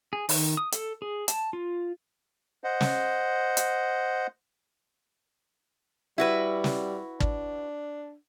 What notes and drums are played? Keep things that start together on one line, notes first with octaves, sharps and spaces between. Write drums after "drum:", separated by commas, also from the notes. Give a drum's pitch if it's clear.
G#4
D#3, drum: open hi-hat
D#6
A4, drum: hi-hat
G#4
A5, drum: hi-hat
F4
C5 D#5 F#5
drum: snare
drum: hi-hat
G3 E4 F#4 B4
drum: snare
D4, drum: kick